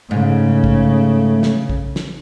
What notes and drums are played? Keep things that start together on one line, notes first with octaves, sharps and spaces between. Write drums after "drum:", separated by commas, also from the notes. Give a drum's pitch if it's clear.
G#2 C#3 A3
drum: kick
drum: snare
drum: kick
drum: snare